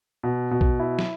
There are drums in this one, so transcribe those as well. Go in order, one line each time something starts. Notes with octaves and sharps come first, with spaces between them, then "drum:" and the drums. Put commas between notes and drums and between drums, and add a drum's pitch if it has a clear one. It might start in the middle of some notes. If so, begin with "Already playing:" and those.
B2
B2
drum: kick A#1
E4
drum: snare